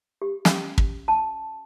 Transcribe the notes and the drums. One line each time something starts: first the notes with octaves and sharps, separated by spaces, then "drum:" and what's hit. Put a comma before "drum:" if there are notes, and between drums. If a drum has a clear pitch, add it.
G4
C#4, drum: snare
drum: kick
A5